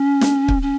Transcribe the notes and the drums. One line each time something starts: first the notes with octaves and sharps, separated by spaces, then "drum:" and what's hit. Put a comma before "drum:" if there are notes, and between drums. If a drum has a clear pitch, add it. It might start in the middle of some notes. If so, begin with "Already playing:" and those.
Already playing: C#4
drum: snare
drum: kick
C#4